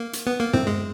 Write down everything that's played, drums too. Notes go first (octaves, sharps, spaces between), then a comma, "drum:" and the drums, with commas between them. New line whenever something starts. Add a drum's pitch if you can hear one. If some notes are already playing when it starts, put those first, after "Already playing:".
Already playing: A#3
drum: hi-hat
B3
A#3
C4, drum: tom
G#3